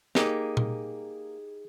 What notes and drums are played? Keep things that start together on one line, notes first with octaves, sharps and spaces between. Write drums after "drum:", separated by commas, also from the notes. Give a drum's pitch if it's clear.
A#3 D#4 G4 G#4, drum: snare
drum: tom A#2